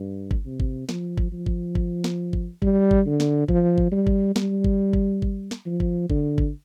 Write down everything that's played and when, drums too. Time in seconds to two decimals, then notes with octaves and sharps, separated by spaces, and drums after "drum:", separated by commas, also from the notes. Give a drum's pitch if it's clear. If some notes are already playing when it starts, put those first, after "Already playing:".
Already playing: G2
0.31 drum: kick G#1
0.46 C3
0.60 drum: kick G#1
0.89 F3, drum: snare
1.18 drum: kick G#1
1.32 F3
1.46 drum: kick G#1
1.75 drum: kick G#1
2.04 drum: snare
2.33 drum: kick G#1
2.62 G3, drum: kick G#1
2.91 drum: kick G#1
3.06 D3
3.20 drum: snare
3.48 F3, drum: kick G#1
3.78 drum: kick G#1
3.92 G3
4.07 drum: kick G#1
4.36 G3, drum: snare
4.64 drum: kick G#1
4.93 drum: kick G#1
5.22 drum: kick G#1
5.51 drum: snare
5.66 F3
5.80 drum: kick G#1
6.10 D3, drum: kick G#1
6.38 drum: kick G#1